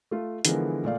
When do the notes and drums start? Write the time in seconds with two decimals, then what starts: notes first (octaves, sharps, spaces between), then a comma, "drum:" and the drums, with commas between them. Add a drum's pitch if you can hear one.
0.11 A3 F4
0.45 D3 E3 F3 G#3 B3 A#4, drum: hi-hat
0.84 A#2 A3 D5 F5